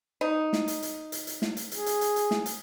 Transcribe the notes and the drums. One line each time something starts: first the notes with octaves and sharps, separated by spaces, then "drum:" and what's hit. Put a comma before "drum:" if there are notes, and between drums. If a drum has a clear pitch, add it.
D#4
drum: snare
drum: hi-hat
drum: hi-hat
drum: hi-hat
drum: hi-hat
drum: snare
drum: hi-hat
G#4, drum: hi-hat
drum: hi-hat
drum: hi-hat
drum: hi-hat
drum: snare
drum: hi-hat